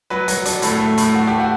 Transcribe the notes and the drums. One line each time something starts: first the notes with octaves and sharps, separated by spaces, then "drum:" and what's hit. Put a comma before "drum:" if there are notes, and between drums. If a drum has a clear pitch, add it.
F#3 B4
F#3, drum: hi-hat
D4, drum: hi-hat
A2 A4, drum: hi-hat
A3
A2, drum: hi-hat
A3 F#4
A3 G4
F#4